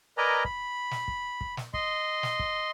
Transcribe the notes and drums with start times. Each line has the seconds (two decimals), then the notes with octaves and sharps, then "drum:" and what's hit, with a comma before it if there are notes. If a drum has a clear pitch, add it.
0.18 A#4 B4 D5 D#5 G#5 A#5
0.45 B5, drum: kick
0.91 drum: snare
1.08 drum: kick
1.41 drum: kick
1.57 drum: snare
1.74 D#5 C6, drum: kick
2.23 drum: snare
2.39 drum: kick